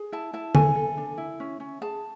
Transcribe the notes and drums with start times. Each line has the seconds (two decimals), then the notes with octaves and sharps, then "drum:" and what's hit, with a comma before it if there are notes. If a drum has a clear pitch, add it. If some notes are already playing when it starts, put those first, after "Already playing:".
Already playing: G#4
0.12 E4 A5
0.33 E4 A5
0.55 A4 G#5, drum: tom D3
0.76 A4
0.97 D4
1.18 E4
1.40 C#4
1.60 C#4
1.81 G#4 A5